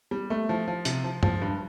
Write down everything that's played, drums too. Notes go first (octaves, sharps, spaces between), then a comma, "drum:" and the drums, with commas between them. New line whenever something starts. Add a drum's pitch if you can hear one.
G3
A3
F3
F3
C3, drum: hi-hat
F3
F3, drum: tom
G2